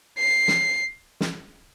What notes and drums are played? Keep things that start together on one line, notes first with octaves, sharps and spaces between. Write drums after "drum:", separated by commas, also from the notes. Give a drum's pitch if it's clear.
C7
drum: snare
drum: snare